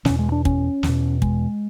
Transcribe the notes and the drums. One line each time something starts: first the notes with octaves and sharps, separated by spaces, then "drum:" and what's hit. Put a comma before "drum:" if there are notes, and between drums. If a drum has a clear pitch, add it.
E2 B2 C#4, drum: snare
G#3
D4
C#4, drum: kick
E2, drum: snare
B2
G#3, drum: kick